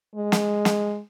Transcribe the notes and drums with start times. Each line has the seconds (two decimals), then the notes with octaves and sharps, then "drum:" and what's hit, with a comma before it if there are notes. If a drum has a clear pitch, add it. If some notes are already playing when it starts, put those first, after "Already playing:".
0.15 G#3
0.32 drum: snare
0.65 drum: snare